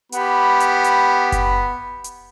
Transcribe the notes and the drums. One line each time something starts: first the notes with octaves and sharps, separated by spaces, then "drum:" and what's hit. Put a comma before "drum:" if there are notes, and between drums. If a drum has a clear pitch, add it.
B3 G4 B5, drum: hi-hat
drum: hi-hat
drum: hi-hat
drum: kick F#1, hi-hat
drum: hi-hat